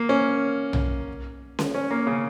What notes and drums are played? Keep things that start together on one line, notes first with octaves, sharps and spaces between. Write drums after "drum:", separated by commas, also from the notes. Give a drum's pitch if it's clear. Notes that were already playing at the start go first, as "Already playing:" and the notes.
Already playing: A#3
C#4
drum: tom B1
drum: snare C#4
C#4
A#3
C#3